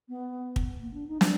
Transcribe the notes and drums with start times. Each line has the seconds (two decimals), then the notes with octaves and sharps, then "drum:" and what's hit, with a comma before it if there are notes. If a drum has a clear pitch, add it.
0.09 B3
0.56 drum: kick
0.80 A#3
0.94 D4
1.07 D#4
1.21 D4, drum: snare